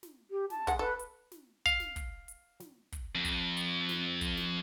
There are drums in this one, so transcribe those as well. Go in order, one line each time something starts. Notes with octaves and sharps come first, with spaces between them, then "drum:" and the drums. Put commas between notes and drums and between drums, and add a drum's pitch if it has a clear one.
drum: snare
G4
A5, drum: snare
G#3 F#5, drum: kick, hi-hat
A4 B4
drum: hi-hat
drum: snare
F5, drum: kick, hi-hat
drum: snare
drum: kick, hi-hat
drum: hi-hat
drum: snare
drum: kick, hi-hat
F2
drum: kick, hi-hat
drum: hi-hat
drum: snare
drum: kick, hi-hat
drum: snare